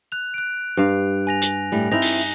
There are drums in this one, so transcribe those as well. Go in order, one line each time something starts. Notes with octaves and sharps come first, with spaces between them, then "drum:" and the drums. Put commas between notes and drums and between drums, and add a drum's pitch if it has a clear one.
F#6 F7
F#6 D7
G2 F5
G#5 A#6 F7
drum: hi-hat
A2 G3
C4 D#4 E4 A#6 F7
drum: open hi-hat